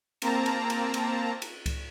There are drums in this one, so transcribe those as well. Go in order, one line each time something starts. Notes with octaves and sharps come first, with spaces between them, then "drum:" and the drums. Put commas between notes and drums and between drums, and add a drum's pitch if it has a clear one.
A#3 C4 A5 A#5, drum: cymbal
drum: cymbal
drum: cymbal
drum: cymbal
drum: cymbal
drum: kick C#2, cymbal